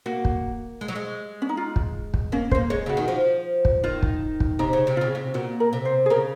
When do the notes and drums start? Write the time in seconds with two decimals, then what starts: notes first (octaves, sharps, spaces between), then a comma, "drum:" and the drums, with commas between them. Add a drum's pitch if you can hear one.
0.06 A#3 F#4
0.25 drum: kick
0.81 G#3
0.88 F#3
0.96 G#3
1.42 C#4
1.49 D#4
1.57 F4
1.76 drum: kick
2.14 drum: kick
2.32 A#3 C#4
2.51 C5, drum: kick
2.55 A#3
2.70 G#3 C#5
2.86 C#3 F#4
2.97 D#3
3.08 F3
3.65 drum: kick
3.84 D#3 F4
4.03 drum: kick
4.40 drum: kick
4.59 C3 D#4
4.73 C#3
4.87 C3
4.97 C#3 F4
5.15 C3
5.34 A#2 F#4
5.60 A#4
5.73 C3
5.85 C5
6.06 G#4
6.10 C#3 A#4